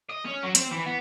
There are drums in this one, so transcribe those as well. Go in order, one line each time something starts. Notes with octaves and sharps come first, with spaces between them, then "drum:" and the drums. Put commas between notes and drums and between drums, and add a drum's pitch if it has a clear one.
D#5
C#4
F#3
C4, drum: hi-hat
E3
B3